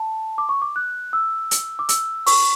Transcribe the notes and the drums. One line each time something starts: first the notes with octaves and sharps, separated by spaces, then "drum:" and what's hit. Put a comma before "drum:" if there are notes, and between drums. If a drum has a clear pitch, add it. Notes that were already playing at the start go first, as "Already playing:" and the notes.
Already playing: A5
D6
C#6
D6
F#6
E6
drum: hi-hat
D6
E6, drum: hi-hat
C#6, drum: open hi-hat